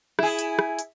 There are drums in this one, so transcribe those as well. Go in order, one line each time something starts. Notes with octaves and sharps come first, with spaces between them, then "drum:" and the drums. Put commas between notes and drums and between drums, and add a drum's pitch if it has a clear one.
E4 G#4, drum: rim click
drum: hi-hat
drum: rim click
drum: hi-hat